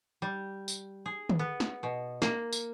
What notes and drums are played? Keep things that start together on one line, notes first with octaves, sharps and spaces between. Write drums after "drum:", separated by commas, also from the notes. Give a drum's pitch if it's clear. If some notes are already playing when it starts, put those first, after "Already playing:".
G3
drum: tambourine
G#4
drum: tom
B3
drum: snare
B2
A#3, drum: snare
drum: tambourine